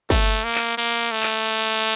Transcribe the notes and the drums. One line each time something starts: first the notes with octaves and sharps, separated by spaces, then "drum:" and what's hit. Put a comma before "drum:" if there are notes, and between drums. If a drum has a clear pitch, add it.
A3, drum: kick, hi-hat
A#3
drum: clap
A#3
A3
drum: clap
drum: hi-hat